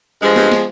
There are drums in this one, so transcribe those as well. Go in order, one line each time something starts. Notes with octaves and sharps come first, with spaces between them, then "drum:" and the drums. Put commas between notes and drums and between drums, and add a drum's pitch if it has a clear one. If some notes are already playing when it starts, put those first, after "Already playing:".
G2 F3 G#3
G2, drum: snare
drum: snare